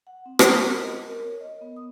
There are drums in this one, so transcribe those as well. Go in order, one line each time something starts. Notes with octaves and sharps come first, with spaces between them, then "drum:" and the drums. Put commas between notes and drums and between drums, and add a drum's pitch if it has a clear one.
F#5
C4
D6, drum: rim click
A#4
D#5
A#4
C#5
D#5
B3
D#6